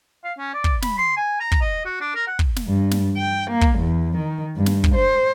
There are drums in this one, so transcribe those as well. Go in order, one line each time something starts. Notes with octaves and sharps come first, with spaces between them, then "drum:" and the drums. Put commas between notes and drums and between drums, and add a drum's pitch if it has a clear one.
F5
C#4
D5
drum: kick
B5, drum: snare
C6
G#5
A#5
drum: kick
D#5
F#4
D4
A#4
F#5
drum: kick
drum: snare
G2
drum: snare
G5
A#3
drum: kick
E2
D#3
G2
drum: snare
drum: kick
C5